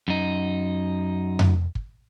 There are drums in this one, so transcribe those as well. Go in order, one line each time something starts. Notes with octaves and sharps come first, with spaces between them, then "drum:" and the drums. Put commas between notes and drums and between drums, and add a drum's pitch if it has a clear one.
F#2 D#4
drum: tom F2
drum: kick